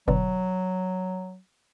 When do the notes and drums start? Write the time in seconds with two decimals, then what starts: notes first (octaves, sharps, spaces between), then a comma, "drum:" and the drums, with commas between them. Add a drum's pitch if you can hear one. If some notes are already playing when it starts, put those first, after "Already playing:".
0.08 B2 D3 F#3, drum: kick F#1